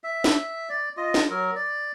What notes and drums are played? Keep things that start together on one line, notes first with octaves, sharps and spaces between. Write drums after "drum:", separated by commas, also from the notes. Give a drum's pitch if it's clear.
E5
drum: snare
D5
F4 D#5
drum: snare
F#3 A#4
D5